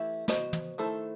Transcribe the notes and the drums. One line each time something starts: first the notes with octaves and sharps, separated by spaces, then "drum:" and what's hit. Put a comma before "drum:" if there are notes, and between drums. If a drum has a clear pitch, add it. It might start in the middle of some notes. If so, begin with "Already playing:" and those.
Already playing: E3 A3 E4 G4
B3 F#4 C5 D#5, drum: snare
drum: tom
D#3 A3 E4 A4 C5